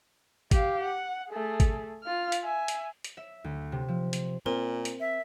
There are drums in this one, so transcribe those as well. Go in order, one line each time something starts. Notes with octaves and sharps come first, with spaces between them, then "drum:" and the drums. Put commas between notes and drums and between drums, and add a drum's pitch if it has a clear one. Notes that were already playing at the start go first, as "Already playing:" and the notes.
G4 F5, drum: kick, hi-hat
F#5
A3 G#4
drum: kick, hi-hat
F4 F6
drum: hi-hat
E5 G#5
drum: hi-hat
drum: hi-hat
E5
D2
C3
F3
drum: hi-hat
A#2 C4 A#4
drum: hi-hat
E5